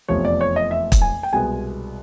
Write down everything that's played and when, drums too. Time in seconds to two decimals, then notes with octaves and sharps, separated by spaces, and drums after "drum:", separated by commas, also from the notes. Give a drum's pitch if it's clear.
0.08 F1 E2 C3 F3 C#5
0.25 D5
0.41 C#5
0.56 D#5
0.71 E5
0.92 drum: kick, hi-hat
1.02 G#5
1.23 G5
1.33 C2 B2 G#3 B3 G#5